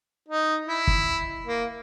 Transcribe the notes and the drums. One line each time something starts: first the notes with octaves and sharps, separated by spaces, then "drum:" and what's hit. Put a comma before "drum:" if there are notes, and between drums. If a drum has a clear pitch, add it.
D#4
E4
drum: kick
A#3